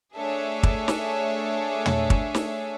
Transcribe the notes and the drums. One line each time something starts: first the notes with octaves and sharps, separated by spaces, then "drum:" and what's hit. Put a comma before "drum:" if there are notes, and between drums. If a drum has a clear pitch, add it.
A3 D4 G#4 A4 C#5 E5
drum: kick
drum: snare
drum: tom
drum: kick
drum: snare